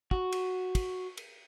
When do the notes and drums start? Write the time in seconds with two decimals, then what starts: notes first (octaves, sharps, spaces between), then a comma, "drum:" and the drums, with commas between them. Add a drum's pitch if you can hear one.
0.11 F#4, drum: kick
0.33 drum: cymbal
0.75 drum: kick, cymbal
1.17 drum: cymbal